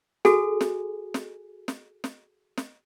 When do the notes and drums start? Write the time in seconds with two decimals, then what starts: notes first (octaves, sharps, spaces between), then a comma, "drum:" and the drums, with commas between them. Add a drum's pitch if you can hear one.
0.25 F#4 G#4 A4 G#5, drum: snare
0.61 drum: snare
1.14 drum: snare
1.68 drum: snare
2.04 drum: snare
2.57 drum: snare